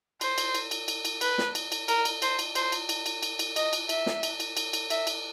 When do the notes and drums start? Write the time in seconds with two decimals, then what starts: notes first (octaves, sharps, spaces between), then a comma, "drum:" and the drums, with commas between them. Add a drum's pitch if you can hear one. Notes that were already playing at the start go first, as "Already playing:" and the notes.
0.21 C5, drum: cymbal
0.38 drum: cymbal
0.54 drum: cymbal
0.71 drum: cymbal
0.88 drum: cymbal
1.05 drum: cymbal
1.21 B4, drum: cymbal
1.38 drum: snare
1.55 drum: cymbal
1.72 drum: cymbal
1.88 A#4, drum: cymbal
2.05 drum: cymbal
2.22 C5, drum: cymbal
2.39 drum: cymbal
2.55 C5, drum: cymbal
2.72 drum: cymbal
2.89 drum: cymbal
3.06 drum: cymbal
3.23 drum: cymbal
3.39 drum: cymbal
3.56 D#5, drum: cymbal
3.73 drum: cymbal
3.89 E5, drum: cymbal
4.06 drum: snare
4.23 drum: cymbal
4.40 drum: cymbal
4.57 drum: cymbal
4.73 drum: cymbal
4.90 E5, drum: cymbal
5.07 drum: cymbal